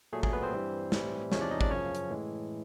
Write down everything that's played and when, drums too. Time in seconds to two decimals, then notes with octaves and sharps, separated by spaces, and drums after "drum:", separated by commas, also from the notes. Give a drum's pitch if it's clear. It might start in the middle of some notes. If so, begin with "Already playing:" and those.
0.13 A#2 F#3 A3 G#4
0.23 G#4, drum: kick G#1
0.33 B3 B4
0.42 C4 C5
0.53 G2 E3 G3
0.92 A2 E3 G3, drum: snare
1.32 E2 C3 F3 G#3 C#4 C#5, drum: snare
1.41 D4 D5
1.51 D#4 D#5
1.61 D4 D5, drum: kick G#1
1.71 F#2 C#3 F3 C#4 C#5
1.95 drum: hi-hat
2.10 A2 E3 G#3